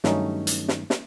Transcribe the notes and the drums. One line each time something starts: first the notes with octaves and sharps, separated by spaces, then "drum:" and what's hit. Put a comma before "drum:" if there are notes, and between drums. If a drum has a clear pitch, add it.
G2 D#3 F#3 A3 C#4 D#4, drum: snare
drum: hi-hat
drum: snare
drum: snare